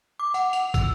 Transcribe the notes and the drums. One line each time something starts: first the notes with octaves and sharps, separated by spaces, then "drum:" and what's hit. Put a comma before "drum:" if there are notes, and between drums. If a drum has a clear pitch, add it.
D6
F#5, drum: tambourine
F7, drum: tambourine
E6, drum: kick, tambourine